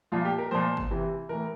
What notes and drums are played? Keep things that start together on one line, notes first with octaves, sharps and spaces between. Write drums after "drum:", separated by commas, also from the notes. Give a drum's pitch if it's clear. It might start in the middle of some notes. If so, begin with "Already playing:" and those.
A#2 F3 F4
G4
A#4
A#2 F3 C5
drum: kick G1
C3 E3
A2 E3 A#4